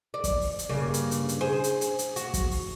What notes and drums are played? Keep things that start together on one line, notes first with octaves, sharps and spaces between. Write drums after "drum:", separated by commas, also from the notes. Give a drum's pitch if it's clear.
D5
drum: kick, hi-hat
drum: open hi-hat
drum: hi-hat
G2 C#3 A#3
drum: hi-hat
drum: hi-hat
drum: hi-hat
G#4 C5
drum: hi-hat
drum: hi-hat
drum: hi-hat
F#4, drum: hi-hat
drum: kick, hi-hat
drum: open hi-hat